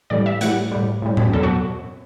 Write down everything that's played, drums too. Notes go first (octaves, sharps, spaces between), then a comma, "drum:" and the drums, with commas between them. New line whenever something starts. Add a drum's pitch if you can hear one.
A2 E3 G3 D5
E5
A2 E3 G3 F#5, drum: hi-hat
A2 G3
A2 G3
drum: tom A2
E2 B2 F#3 A4
F#4